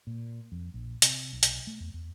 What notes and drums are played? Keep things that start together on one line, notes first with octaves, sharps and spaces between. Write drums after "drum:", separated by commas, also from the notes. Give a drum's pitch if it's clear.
A#2
F2
A#1
C3, drum: hi-hat
B1
drum: hi-hat
A3
E2
E2